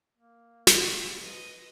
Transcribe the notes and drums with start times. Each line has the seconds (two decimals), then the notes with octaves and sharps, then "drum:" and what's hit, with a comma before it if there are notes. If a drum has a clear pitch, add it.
0.17 A#3
0.67 drum: snare
1.18 F3 B4 D#5